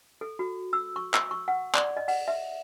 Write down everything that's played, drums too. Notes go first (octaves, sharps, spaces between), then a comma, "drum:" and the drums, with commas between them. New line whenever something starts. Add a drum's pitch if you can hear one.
A4
F#4
E6
C#6
E6, drum: clap
C#6
F#5
D5, drum: clap
D#5
F#5, drum: open hi-hat
E5